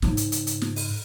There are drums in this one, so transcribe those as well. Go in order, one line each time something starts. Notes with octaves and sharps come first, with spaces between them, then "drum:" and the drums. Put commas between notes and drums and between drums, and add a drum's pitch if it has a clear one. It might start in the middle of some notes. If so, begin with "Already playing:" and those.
G#2 C#3, drum: snare
drum: hi-hat
drum: hi-hat
drum: hi-hat
drum: snare
drum: open hi-hat